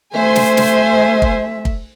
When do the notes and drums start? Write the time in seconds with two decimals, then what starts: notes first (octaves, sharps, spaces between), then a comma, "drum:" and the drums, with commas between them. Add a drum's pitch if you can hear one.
0.14 A3 C5 E5 G#5 C6
0.36 drum: snare
0.57 drum: snare
1.22 drum: kick
1.65 drum: kick